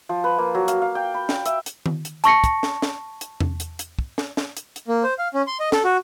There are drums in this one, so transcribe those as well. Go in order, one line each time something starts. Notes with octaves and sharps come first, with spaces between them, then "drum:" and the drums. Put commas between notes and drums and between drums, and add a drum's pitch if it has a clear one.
F3
B4
A#3
F#3
F5, drum: hi-hat
F5
G5
B5
G5, drum: snare
E5, drum: hi-hat
drum: hi-hat
drum: tom D#3
drum: hi-hat
A5 C#6 A#6 C#7, drum: hi-hat
drum: kick, hi-hat
drum: snare
drum: snare
drum: hi-hat
drum: tom E2
drum: hi-hat
drum: hi-hat
drum: kick
drum: snare
drum: snare
drum: hi-hat
drum: hi-hat
A#3
C5
F5
C#4
C6
D#5
A4, drum: snare
F#4